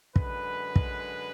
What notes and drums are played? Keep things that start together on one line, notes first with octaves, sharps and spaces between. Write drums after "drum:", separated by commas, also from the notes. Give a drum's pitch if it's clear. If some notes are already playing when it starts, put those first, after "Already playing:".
F#2 D3 G#3 B4, drum: kick
drum: kick